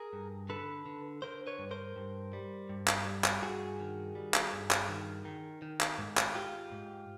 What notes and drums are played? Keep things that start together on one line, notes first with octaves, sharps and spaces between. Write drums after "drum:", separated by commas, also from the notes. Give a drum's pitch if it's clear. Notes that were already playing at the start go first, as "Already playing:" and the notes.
Already playing: G#4 A#4
G2
D3 A4 B4
D3
D3 A#4 C5
B4 C#5
G2
A#4 C5
G2
G3
G2
drum: clap
G3
drum: clap
G2 F#4 G#4
D#3
G3
drum: clap
G2
drum: clap
D#3
D#3
D#3
drum: clap
G#2
drum: clap
G#2 F4 G4
G#2